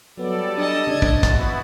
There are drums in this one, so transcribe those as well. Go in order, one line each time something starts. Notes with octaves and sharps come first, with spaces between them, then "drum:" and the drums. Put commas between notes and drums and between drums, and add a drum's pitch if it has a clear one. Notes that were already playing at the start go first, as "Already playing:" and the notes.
F#3 G3 B3 A4 D5
D4 D#5 A5
C#3 A3 D4 D5 G#6
drum: kick
B3 E4 F#4 A6, drum: kick, hi-hat